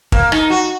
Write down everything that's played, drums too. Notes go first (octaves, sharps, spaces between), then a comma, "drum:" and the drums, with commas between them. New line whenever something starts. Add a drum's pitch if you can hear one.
A#3, drum: kick
D#4, drum: rim click
F#4